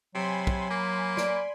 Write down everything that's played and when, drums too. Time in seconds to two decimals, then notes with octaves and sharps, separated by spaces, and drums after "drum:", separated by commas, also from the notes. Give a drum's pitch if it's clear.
0.15 C3 F#3 G#5 B5 C6
0.47 drum: kick
0.70 A#3
1.17 D5, drum: snare